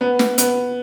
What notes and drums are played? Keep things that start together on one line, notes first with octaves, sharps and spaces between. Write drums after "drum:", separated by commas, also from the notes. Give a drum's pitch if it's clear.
B3
drum: snare
B3, drum: hi-hat